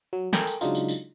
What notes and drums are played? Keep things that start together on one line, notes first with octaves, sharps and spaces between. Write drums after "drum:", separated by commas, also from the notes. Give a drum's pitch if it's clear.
F#3
A4 A#4 G5 G#5, drum: snare
drum: tambourine
C#3 F#3 G#3 D4 D#4 F4, drum: tambourine
drum: tambourine
drum: tambourine